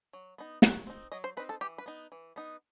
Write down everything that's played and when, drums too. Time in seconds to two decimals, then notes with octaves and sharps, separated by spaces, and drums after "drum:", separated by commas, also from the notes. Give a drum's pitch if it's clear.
0.13 F#3
0.38 B3 D#4
0.62 F#3 F#5, drum: snare
0.87 C4 D#4
1.12 F#3 D#5
1.24 C5
1.37 C4 D#4 B4
1.49 A4
1.61 E3 G4
1.78 B4
1.86 B3 D#4
2.12 E3
2.36 B3 D#4